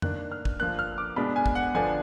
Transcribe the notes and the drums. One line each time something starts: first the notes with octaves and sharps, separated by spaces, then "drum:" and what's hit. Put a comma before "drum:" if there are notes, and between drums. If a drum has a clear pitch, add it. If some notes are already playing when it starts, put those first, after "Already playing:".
D#3 A#3 D4 F#6, drum: tom F2
F6
drum: kick
F3 A#3 D4 F#6
F6
D6
B2 G#3 D4 B5
G#5
drum: kick
F#5
D3 F3 B3 D4 G#5